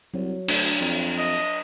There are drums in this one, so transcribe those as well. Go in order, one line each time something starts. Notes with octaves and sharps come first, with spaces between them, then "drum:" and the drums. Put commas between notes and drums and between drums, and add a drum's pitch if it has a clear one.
C2 F#3
D2 D4, drum: cymbal
F2
D#5